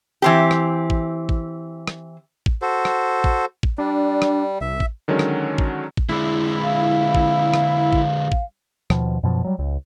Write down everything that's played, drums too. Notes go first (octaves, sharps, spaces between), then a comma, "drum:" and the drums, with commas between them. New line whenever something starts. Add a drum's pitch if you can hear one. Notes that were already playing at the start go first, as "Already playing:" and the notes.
E3 C4 G4
drum: rim click
drum: kick A1
drum: kick A1
drum: rim click
drum: kick A1
F#4 A4 C5
drum: rim click
drum: kick A1
drum: kick A1
G3 D4
drum: rim click
C2 E5
drum: kick A1
D3 D#3 F#3 G#3 C#4
drum: rim click
drum: kick A1
drum: kick A1
D3 G#3 E4
F5
drum: kick A1
drum: rim click
drum: kick A1
drum: kick A1
D#2 B2 F3, drum: rim click
F#2 B2 F3
F#3 G3
C#2